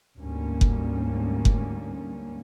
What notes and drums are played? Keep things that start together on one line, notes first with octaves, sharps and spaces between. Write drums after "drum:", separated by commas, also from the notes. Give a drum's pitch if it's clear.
D2 G#2 G3 A#3 C#4
drum: kick F#1
drum: kick F#1